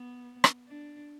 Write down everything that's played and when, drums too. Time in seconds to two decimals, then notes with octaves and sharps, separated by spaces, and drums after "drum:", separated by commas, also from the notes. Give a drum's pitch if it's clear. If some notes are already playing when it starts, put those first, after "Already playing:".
Already playing: B3
0.44 drum: rim click
0.67 D4